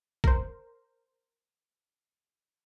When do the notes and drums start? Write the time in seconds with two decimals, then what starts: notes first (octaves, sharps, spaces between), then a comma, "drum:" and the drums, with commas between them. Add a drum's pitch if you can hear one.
0.24 A#4 C5, drum: kick